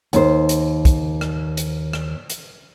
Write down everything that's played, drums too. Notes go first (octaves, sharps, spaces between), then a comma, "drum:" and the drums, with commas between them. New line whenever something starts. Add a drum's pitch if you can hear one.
D#2 C5, drum: hi-hat
drum: hi-hat
drum: kick, hi-hat
drum: rim click
drum: hi-hat
drum: rim click
drum: hi-hat